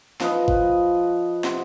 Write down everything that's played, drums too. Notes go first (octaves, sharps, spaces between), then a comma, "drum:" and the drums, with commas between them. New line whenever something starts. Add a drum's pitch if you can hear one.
F3 B4 D#5, drum: snare
drum: kick G1
C3 F#5 C6, drum: snare